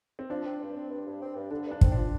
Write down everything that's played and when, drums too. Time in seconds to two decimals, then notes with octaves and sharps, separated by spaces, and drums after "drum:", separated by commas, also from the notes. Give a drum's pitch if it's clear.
0.19 C4
0.30 F3 D4
0.45 C4
0.61 G2
0.76 C4
0.90 G2
1.06 G2
1.21 C4
1.36 G2
1.51 D3 D4
1.66 G2
1.71 D4
1.81 C4, drum: kick
1.92 F3 D4